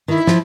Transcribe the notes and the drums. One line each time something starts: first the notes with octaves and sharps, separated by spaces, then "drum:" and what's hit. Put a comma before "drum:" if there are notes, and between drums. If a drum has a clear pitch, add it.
D#3 E4
F3, drum: snare